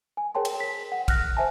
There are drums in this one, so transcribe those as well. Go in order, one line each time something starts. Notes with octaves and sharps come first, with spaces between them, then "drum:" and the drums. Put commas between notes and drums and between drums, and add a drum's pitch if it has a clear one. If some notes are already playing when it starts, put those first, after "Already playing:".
G#5
G#4 A#4 C#5 G5 A5 C6
drum: cymbal
B6
F#5
F6 F#6 A#6, drum: kick, cymbal
C5 E5 G#5 A5